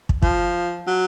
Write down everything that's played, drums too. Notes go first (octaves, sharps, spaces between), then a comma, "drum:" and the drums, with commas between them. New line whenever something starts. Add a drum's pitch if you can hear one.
drum: kick
F3, drum: kick
F#3